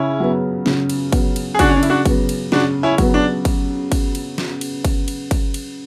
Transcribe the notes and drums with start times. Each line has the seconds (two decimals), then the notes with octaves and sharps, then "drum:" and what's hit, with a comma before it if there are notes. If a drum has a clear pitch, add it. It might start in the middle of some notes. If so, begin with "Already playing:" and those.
Already playing: C#3 C#4 E4
0.20 F#3 B3
0.66 C#3, drum: snare
0.90 drum: cymbal
1.12 F#3 B3, drum: kick G1, cymbal
1.36 drum: cymbal
1.55 G#4
1.59 C#3 D4 F#4, drum: kick G1, cymbal
1.69 C#4
1.76 D4
1.83 E4, drum: cymbal
1.90 D4 F#4
2.05 F#3 B3, drum: kick G1, cymbal
2.29 drum: cymbal
2.52 C#3 D4 F#4, drum: snare
2.83 C#4 E4
2.98 F#3 B3, drum: kick G1, cymbal
3.14 D4
3.45 drum: kick G1, cymbal
3.92 drum: kick G1, cymbal
4.15 drum: cymbal
4.38 drum: snare
4.61 drum: cymbal
4.85 drum: kick G1, cymbal
5.08 drum: cymbal
5.31 drum: kick G1, cymbal
5.54 drum: cymbal